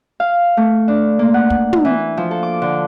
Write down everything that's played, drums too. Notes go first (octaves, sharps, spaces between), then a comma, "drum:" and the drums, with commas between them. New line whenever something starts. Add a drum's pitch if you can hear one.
F5
A3
D4
A#3
F#5
drum: kick
drum: tom
E3
F3
A4
D6
D3